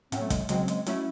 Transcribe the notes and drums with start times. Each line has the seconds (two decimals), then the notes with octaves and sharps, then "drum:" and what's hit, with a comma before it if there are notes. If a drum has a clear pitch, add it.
0.12 A2 F#3 C4 C#4, drum: hi-hat
0.21 A3
0.30 G#3, drum: kick, hi-hat
0.49 C#3 F#3 G#3 C4, drum: hi-hat
0.68 G#3, drum: hi-hat
0.86 F#3 A3 C#4 E4, drum: hi-hat